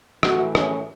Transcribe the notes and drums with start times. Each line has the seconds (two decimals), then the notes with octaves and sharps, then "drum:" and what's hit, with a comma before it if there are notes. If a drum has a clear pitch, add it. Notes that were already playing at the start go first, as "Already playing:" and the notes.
0.23 A2 E3 A3 F#4, drum: rim click
0.55 C#4, drum: rim click